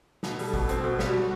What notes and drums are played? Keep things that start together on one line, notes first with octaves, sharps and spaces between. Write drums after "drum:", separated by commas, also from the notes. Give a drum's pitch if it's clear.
B2 A4, drum: snare
G3, drum: open hi-hat
B2, drum: kick
C4 F#4, drum: hi-hat
B2
G3, drum: snare